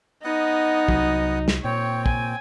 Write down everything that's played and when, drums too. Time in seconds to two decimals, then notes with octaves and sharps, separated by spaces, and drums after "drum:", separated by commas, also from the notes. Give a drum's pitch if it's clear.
0.24 B3 D#4 D#5 F#5
0.88 C2 F#3, drum: kick
1.48 drum: snare
1.64 A#2 C4 C#5 G5
2.06 G#5, drum: kick